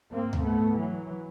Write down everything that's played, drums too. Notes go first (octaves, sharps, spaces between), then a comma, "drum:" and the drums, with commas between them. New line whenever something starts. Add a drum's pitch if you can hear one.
G#2 A#3 C4
drum: tom D2
A3 B3
E3 F#3